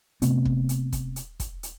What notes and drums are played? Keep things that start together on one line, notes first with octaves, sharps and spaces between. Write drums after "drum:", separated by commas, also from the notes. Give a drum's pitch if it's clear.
C3 A3 B3 C4, drum: hi-hat
drum: kick
drum: hi-hat
drum: kick, hi-hat
drum: hi-hat
drum: kick, hi-hat
drum: hi-hat